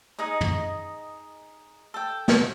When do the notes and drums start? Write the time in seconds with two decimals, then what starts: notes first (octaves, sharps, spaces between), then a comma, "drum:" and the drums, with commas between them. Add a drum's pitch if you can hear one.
0.19 D#4 G#4 D#5
0.41 drum: tom
1.94 A4 G5
2.28 drum: snare